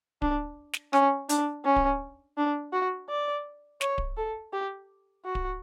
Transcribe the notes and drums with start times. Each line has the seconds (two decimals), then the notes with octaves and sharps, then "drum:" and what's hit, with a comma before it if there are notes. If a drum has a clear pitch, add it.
0.22 D4, drum: kick D1
0.73 drum: snare
0.93 C#4, drum: rim click
1.29 D4, drum: hi-hat
1.65 C#4
1.76 drum: kick D1
2.37 D4
2.73 F#4
3.09 D5
3.81 C#5, drum: snare
3.98 drum: kick D1
4.17 A4
4.53 G4
5.25 F#4
5.35 drum: kick D1